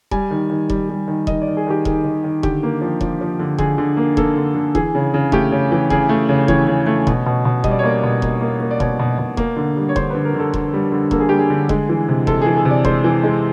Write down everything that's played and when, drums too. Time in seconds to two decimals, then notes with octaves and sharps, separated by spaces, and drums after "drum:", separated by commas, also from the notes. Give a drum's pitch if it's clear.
0.11 G3 G#5, drum: kick E1
0.30 D#3
0.50 D#3
0.70 G3, drum: kick E1
0.90 G3
1.08 D#3
1.27 D#3 D#5, drum: kick E1
1.42 D5
1.47 D#3
1.57 G#4
1.67 D#3 G4
1.85 D#3 G#4, drum: kick E1
2.04 D#3
2.24 D#3
2.43 D3 G4, drum: kick E1
2.63 A#3
2.81 F3
3.01 F3, drum: kick E1
3.21 F3
3.39 D3
3.58 D3 G#4, drum: kick E1
3.78 D3
3.97 A#3
4.17 A#3 A4, drum: kick E1
4.37 D3
4.55 D3
4.75 E3 G#4, drum: kick E1
4.95 C#3
5.14 C#3
5.32 A3 G4, drum: kick E1
5.52 C#3
5.72 E3
5.90 C#3 G#4, drum: kick E1
6.09 A3
6.29 C#3
6.48 E3 C#5, drum: kick E1
6.67 C#3
6.87 A3
7.07 B2, drum: kick E1
7.26 B2
7.45 B2
7.64 G3 D#5, drum: kick E1
7.71 D5
7.79 C#5
7.84 A#3 D5
8.03 B2
8.22 A#3, drum: kick E1
8.41 A#3
8.60 A#3
8.71 D5
8.80 B2 C#5, drum: kick E1
8.99 B2
9.18 B2
9.37 A#3, drum: kick E1
9.57 D3
9.77 G3
9.89 C#5
9.96 D3 C5, drum: kick E1
10.10 D3 B4
10.25 A#4
10.34 D3
10.40 A4
10.54 D3, drum: kick E1
10.74 G3
10.92 D3
11.11 A#3 A4, drum: kick E1
11.20 G#4
11.29 G3 G4
11.39 G#4
11.50 D3
11.69 G#3, drum: kick E1
11.89 E3
12.09 C3
12.27 C3 A4, drum: kick E1
12.42 E3 G#4
12.57 G#4
12.65 C3
12.71 D5
12.85 G#3 C5, drum: kick E1
13.04 E3
13.23 G#3